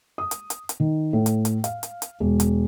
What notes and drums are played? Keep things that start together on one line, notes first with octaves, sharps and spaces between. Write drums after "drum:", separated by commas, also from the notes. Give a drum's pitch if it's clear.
D#6
drum: hi-hat
drum: hi-hat
drum: hi-hat
D#3
A2
drum: hi-hat
drum: hi-hat
F5, drum: hi-hat
drum: hi-hat
drum: hi-hat
E1
drum: hi-hat